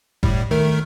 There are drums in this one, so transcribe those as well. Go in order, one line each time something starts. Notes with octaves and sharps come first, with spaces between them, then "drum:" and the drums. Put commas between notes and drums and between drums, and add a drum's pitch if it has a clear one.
A2 G3, drum: kick
D#3 A3 A#4